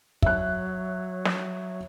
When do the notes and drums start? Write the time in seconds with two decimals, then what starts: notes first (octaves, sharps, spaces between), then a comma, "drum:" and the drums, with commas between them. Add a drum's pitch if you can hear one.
0.22 F#3 E5 F#6, drum: kick
1.25 drum: snare